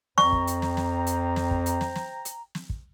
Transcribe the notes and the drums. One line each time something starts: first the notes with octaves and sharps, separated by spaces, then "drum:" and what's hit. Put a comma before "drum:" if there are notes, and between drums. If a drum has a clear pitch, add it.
F2 C5 G5 A#5 C#6, drum: snare
drum: kick
drum: hi-hat
drum: snare
drum: snare
drum: hi-hat
drum: snare
drum: kick
drum: hi-hat
drum: snare
drum: snare
drum: hi-hat
drum: snare
drum: kick